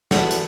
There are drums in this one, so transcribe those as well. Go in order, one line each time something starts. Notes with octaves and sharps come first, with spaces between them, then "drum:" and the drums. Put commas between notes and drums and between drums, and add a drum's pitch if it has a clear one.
E2 F#4 A4, drum: snare
drum: hi-hat